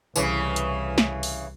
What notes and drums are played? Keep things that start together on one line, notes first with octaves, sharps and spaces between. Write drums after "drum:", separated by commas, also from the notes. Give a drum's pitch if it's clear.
C2 C#3 E3, drum: tambourine
drum: hi-hat
drum: snare
drum: open hi-hat